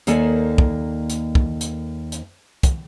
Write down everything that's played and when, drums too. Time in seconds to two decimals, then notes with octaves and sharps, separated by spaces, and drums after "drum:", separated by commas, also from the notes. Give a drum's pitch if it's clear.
0.07 D#2 A#3 A4 D5 G#5, drum: hi-hat
0.58 drum: kick
1.10 drum: hi-hat
1.35 drum: kick
1.61 drum: hi-hat
2.12 drum: hi-hat
2.63 drum: kick, hi-hat